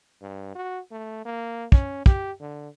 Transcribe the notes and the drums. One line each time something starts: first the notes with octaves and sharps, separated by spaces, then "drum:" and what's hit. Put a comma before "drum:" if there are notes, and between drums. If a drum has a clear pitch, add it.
G2
F#4
A3
A#3
C#4, drum: kick
G4, drum: kick
D3